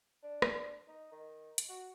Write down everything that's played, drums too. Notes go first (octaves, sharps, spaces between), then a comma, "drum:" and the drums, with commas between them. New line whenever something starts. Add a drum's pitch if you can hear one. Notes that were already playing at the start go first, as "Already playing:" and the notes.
D4
drum: rim click
D#4
D#3
drum: hi-hat
F#4